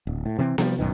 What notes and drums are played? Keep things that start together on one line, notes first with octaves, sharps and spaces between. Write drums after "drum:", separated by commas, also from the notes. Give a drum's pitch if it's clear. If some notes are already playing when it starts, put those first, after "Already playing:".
D1
A2
C3 E3 C4
C3 F3 G3, drum: snare B3
A1 F#2 B2 D#3